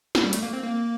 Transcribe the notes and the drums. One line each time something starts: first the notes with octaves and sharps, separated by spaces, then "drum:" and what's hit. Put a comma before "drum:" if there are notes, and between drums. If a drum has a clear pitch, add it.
drum: snare
G3
A3, drum: hi-hat
A#3
C4
A#3